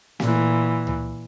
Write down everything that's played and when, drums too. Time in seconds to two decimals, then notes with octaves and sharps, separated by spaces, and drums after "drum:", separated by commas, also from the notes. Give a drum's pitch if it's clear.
0.20 A#2 E3, drum: snare
0.87 drum: tom C#2